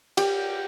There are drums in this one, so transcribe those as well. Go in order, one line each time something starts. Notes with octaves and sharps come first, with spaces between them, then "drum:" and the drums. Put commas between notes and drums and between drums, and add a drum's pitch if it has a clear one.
G4, drum: cymbal